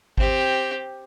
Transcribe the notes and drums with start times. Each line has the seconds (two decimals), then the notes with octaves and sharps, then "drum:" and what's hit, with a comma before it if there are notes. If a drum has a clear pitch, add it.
0.18 C4 G4, drum: kick G#1